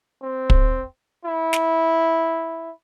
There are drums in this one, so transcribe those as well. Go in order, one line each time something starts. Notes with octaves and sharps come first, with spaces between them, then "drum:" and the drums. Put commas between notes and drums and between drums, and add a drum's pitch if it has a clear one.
C4
drum: kick
E4
drum: snare